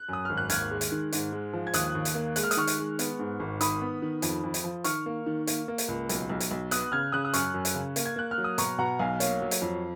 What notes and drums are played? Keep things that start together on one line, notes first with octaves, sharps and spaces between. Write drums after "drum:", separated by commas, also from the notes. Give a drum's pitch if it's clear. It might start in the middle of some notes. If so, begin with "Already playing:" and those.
Already playing: F#6
F#2 D#6
G#1 F6
F#6
D#2 F6 G#6, drum: hi-hat
G#3
drum: hi-hat
D#3
G#2, drum: hi-hat
G#3
F3
G#6
D#2 D#6 F#6, drum: hi-hat
D#2
drum: hi-hat
A#3
G#3 F#6, drum: hi-hat
F6
D#6, drum: hi-hat
D#3 C#6 F6
drum: hi-hat
G#3
B3, drum: hi-hat
G#2
G#1
D#3 B5 D#6, drum: hi-hat
B3
D#3
F2, drum: hi-hat
F2
drum: hi-hat
F3
D#3 C#6 F6, drum: hi-hat
A#3
D#3
A#3, drum: hi-hat
A#3
drum: hi-hat
C#2
B1, drum: hi-hat
B1
drum: hi-hat
B1
B3 D#6 F#6, drum: hi-hat
C#3 F6 G#6
C#3 D#6 F#6
D#6
F#2 C#6 F6, drum: hi-hat
F#2
drum: hi-hat
C#3
A#3, drum: hi-hat
G#6
A#3 F#6
F6
F#3
D#6
B2 A#5 C#6, drum: hi-hat
B2 F#5 A#5
B1 F5 G#5
A#3 C#5 F5, drum: hi-hat
F#3
drum: hi-hat
F2